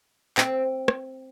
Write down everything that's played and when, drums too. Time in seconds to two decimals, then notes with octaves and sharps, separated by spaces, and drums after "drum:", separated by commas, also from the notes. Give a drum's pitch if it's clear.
0.37 C4, drum: clap
0.88 drum: rim click